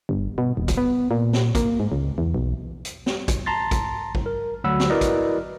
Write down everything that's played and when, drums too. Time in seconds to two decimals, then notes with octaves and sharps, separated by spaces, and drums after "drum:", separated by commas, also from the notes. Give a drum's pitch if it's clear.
0.09 G1
0.38 B2
0.57 D#1
0.68 drum: kick, hi-hat
0.77 B3
1.11 A#2
1.33 drum: snare
1.55 A#3, drum: kick, hi-hat
1.80 G#2
1.92 C#2
2.18 E2
2.34 B1
2.85 drum: hi-hat
3.06 drum: snare
3.28 drum: kick, hi-hat
3.46 A5 A#5 C6 A6
3.71 drum: kick, hi-hat
4.15 drum: kick
4.26 A#4
4.64 D2 F#3 F#5 B5 E6
4.80 drum: snare
4.90 E4 F#4 A#4 B4 D5 D#5
5.01 drum: kick, hi-hat